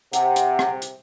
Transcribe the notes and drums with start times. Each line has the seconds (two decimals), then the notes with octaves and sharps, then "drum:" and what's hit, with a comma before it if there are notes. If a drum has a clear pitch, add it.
0.13 C3 F#5, drum: hi-hat
0.36 drum: hi-hat
0.59 drum: rim click
0.82 drum: hi-hat